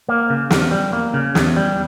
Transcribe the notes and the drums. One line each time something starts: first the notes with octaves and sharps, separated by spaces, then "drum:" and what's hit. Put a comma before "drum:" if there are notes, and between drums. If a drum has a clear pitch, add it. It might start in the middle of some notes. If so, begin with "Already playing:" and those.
A#3
C#3
E2, drum: snare
G3
A#3
C#3
E2, drum: snare
G3